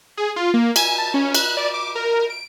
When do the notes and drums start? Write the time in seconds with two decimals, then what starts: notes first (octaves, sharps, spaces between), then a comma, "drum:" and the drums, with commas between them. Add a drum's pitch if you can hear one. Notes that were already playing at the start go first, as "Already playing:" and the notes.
0.17 G#4
0.36 F4
0.54 A#3
0.76 G#5, drum: cymbal
0.98 A5
1.14 C#4
1.35 F#6, drum: cymbal
1.57 D5
1.74 D6
1.95 A#4
2.30 D7